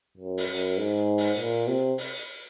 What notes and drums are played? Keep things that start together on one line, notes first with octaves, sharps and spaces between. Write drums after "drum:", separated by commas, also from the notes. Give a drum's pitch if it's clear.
F#2
drum: open hi-hat
F#2
G#2
drum: open hi-hat
A#2
C3
drum: open hi-hat